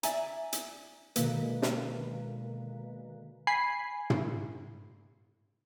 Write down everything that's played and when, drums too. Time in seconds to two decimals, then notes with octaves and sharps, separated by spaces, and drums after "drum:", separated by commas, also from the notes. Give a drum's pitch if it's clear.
0.03 D5 E5 G#5 A#5, drum: hi-hat
0.53 drum: hi-hat
1.16 B2 D3 D#3 G#3 A#3 B4, drum: hi-hat
1.62 drum: snare
3.47 G#5 B5 C7
4.10 drum: tom